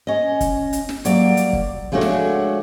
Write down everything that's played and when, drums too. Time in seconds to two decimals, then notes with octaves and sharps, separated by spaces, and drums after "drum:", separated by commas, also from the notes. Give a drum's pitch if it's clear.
0.07 C#4 D#5
0.41 drum: kick, hi-hat
0.73 drum: hi-hat
0.89 drum: snare
1.05 F#3 A#3 D5, drum: hi-hat
1.37 drum: hi-hat
1.53 drum: kick
1.92 F3 G#3 A3 D4 F#4 C#5
2.01 drum: snare